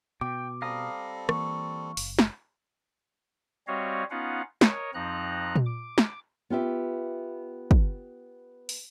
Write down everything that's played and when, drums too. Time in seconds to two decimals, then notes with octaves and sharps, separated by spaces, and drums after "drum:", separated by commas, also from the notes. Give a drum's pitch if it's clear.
0.21 B2 G5 D6
0.62 G3 C4 A4 F5 A#5 D#6
1.29 E3 A#3 C#6, drum: rim click
1.97 F#1, drum: open hi-hat
2.19 drum: snare
3.67 G3 C4 F#4 C#5 D#5 F5
4.10 B3 C#4 D#4 F4 F5 F#5
4.61 A#4 C#5 D#5, drum: snare
4.94 F2 F3 C4 D#4 A#5 F#6
5.56 drum: tom A#2
5.66 D6
5.98 drum: snare
6.50 B3 F4 G4 E5
7.71 drum: kick
8.69 drum: open hi-hat